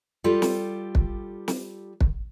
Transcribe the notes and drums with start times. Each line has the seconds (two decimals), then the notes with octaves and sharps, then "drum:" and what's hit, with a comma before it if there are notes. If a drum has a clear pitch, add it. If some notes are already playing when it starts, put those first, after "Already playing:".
0.24 G3 F4 G4 A4
0.42 drum: snare
0.95 drum: kick
1.48 drum: snare
2.01 drum: kick